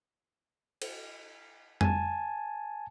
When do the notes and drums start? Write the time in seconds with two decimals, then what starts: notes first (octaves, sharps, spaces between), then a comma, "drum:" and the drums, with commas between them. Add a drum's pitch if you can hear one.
0.82 drum: cymbal
1.81 G#5 A5, drum: tom F2